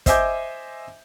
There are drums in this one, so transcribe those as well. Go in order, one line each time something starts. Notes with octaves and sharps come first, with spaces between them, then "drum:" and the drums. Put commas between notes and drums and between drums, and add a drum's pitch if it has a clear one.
C5 D#5 E5 G#5 D6 G6, drum: kick, hi-hat